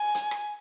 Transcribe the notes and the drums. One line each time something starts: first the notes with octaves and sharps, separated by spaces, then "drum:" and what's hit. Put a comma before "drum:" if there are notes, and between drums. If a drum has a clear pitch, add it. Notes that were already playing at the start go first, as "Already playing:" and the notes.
Already playing: G#5
drum: hi-hat
drum: rim click